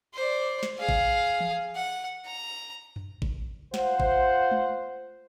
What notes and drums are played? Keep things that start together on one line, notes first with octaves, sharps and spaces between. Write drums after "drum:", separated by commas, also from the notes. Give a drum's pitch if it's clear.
C5 D5
drum: snare
G#4 F5
drum: kick G1
drum: tom E3
F#5
A#5
drum: tom F#2
drum: kick G1
F4 C5 F#5, drum: snare
drum: kick G1
drum: tom G#3